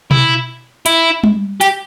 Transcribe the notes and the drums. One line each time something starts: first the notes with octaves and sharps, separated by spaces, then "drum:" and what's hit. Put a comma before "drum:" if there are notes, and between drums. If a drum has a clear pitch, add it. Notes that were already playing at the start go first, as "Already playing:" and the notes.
E4, drum: tom B2
E4, drum: hi-hat
drum: tom G3
G4, drum: hi-hat